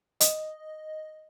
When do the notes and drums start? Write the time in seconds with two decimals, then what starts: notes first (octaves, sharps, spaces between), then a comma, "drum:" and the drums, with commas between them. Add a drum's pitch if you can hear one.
0.20 D#5, drum: hi-hat